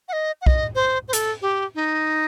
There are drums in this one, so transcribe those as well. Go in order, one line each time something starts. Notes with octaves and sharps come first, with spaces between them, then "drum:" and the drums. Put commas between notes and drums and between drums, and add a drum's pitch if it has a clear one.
F#5
D#5
F#5
D#5, drum: kick B1
C5
C5
A4, drum: hi-hat
G4
D#4